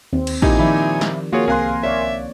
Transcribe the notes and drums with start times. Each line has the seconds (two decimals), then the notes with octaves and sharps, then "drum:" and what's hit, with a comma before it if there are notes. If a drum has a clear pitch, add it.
0.13 D#2 C4
0.27 drum: cymbal
0.42 A#2 D#4 E4 G4 G#5, drum: kick A1
0.59 D#3 F3 D5 E5 B5
1.01 drum: snare
1.33 A#3 F4 F#4 G#4 C#5
1.48 C2 C4 G#4 A#4 F5 G#5 C6 F#6
1.83 C#5 D5 E5